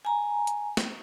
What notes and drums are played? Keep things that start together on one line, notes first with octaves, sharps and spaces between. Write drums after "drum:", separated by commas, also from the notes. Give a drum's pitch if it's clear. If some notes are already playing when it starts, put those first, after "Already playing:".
G#5 A#5
drum: hi-hat
drum: snare